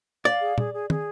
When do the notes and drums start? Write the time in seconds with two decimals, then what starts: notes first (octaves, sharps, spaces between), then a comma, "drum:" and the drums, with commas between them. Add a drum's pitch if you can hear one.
0.25 D5 F5
0.42 G#4
0.58 G#4, drum: tom
0.74 G#4
0.90 G#4, drum: tom